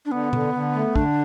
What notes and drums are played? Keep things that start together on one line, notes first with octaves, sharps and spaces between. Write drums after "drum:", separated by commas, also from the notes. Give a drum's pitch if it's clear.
D4
D3 B3
D3, drum: tom B2
D3
A3
D3 D4, drum: kick